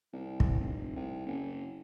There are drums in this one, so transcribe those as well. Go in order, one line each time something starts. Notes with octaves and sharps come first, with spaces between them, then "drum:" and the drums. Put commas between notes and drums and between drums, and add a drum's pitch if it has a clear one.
C2
drum: kick
F1
C2
F#1